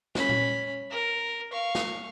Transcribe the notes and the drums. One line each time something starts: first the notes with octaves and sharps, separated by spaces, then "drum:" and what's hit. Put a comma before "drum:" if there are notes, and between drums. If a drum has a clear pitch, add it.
C#4 B5, drum: snare
drum: tom A#2
A#4
F5 C#6
drum: snare